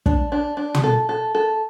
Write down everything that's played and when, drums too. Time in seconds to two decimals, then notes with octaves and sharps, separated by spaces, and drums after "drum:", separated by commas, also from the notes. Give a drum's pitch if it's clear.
0.06 D4, drum: kick
0.32 D4
0.57 D4
0.75 drum: tom
0.84 A4
1.09 A4
1.35 A4